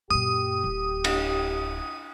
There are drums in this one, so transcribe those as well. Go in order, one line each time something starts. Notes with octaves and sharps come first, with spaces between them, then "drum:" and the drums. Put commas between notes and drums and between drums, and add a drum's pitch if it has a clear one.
F#2 A#2 G4 D#6
D1
drum: cymbal